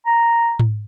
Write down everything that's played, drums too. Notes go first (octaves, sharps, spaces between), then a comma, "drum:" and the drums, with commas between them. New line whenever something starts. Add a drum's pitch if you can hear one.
A#5
drum: tom G#2